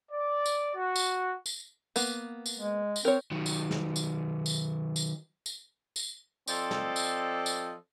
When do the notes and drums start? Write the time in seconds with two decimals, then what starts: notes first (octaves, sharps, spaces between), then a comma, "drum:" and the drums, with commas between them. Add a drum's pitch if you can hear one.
0.12 D5
0.46 drum: tambourine
0.76 F#4
0.96 drum: tambourine
1.46 drum: tambourine
1.96 A#3 B3, drum: tambourine
2.46 drum: tambourine
2.59 G#3
2.96 drum: tambourine
3.05 C4 A#4 C#5
3.31 D#3 F#3
3.46 drum: tambourine
3.71 drum: snare
3.96 drum: tambourine
4.46 drum: tambourine
4.96 drum: tambourine
5.46 drum: tambourine
5.96 drum: tambourine
6.48 F3 C4 A4 D5 D#5, drum: tambourine
6.71 drum: snare
6.96 drum: tambourine
7.46 drum: tambourine